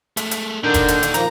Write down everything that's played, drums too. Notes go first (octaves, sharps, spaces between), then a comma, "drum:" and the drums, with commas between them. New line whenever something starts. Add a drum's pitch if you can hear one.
G#3 A3, drum: hi-hat
drum: hi-hat
A#2 D3 D#3 D4 D#4 A#4 G6
drum: kick E1, hi-hat
drum: hi-hat
drum: hi-hat
F3 A#3 A#5, drum: hi-hat